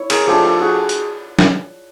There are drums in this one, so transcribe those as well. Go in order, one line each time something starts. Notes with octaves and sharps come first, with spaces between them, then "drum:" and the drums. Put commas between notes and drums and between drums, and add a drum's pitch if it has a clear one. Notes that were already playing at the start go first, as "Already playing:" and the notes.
Already playing: E4 C#5
G#4 A#4, drum: cymbal
F3 A3 D4 G4 A4
G4 A4
F#4 G#4
drum: hi-hat
drum: snare